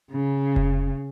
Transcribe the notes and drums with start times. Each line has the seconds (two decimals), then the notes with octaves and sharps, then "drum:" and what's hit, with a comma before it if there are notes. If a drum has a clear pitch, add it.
0.12 C#3
0.56 drum: kick F1